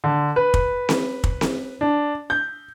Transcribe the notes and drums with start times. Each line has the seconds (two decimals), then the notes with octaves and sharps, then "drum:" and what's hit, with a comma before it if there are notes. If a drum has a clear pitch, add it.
0.04 D3
0.36 B4
0.54 drum: kick
0.89 drum: snare C4
1.24 drum: kick
1.41 drum: snare C4
1.81 D4
2.30 G6